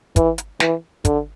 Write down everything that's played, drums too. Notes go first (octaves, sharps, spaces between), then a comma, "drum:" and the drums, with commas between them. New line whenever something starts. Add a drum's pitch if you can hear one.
E3, drum: kick, hi-hat
drum: hi-hat
E3, drum: snare
D3, drum: kick, hi-hat